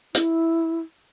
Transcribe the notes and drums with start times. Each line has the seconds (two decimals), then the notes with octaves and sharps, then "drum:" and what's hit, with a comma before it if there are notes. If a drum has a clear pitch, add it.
0.15 E4, drum: hi-hat